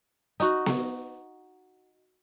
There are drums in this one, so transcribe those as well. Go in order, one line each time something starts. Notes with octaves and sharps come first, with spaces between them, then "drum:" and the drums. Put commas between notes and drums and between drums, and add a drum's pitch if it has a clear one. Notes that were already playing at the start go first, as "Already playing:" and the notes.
D#4 F#4, drum: hi-hat
drum: snare B3